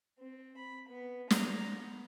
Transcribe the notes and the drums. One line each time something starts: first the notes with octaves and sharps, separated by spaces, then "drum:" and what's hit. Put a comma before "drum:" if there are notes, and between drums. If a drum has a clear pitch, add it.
C4
B5
B3
A#5, drum: snare
B3